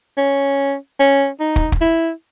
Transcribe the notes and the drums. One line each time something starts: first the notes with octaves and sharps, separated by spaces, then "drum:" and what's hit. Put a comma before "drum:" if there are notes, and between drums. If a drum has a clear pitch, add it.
C#4
C#4
D#4
drum: kick
drum: kick
E4